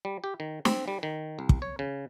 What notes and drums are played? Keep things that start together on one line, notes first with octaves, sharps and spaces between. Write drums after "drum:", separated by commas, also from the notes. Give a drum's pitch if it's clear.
G3
G4
D#3
C4, drum: snare
G3
D#3
C2
drum: kick
C#5
C#3